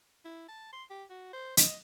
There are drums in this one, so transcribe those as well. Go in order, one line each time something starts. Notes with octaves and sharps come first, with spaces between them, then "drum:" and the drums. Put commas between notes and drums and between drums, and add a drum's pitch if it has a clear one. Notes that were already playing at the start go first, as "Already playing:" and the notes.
E4
A5
C6
G4
F#4
C5
D#5, drum: hi-hat